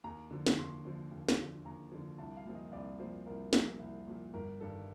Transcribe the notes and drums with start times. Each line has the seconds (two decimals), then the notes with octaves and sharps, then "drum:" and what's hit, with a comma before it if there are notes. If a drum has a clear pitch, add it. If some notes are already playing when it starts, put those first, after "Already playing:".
0.04 D#2 A#5
0.31 D3 F3
0.46 drum: snare
0.57 D#2 C6
0.85 D3 F3
1.12 D#2
1.29 drum: snare
1.38 D3 F3
1.65 D#2 A#5
1.92 D3 F3
2.18 C2 A5
2.36 F5
2.45 A#2 F3
2.55 D#5
2.72 C2 D5
3.00 A#2 F3 C5
3.26 C2 A#4
3.53 A#2 F3, drum: snare
3.79 C2
4.07 A#2 F3
4.34 G1 A#4
4.60 G2 D#3 A4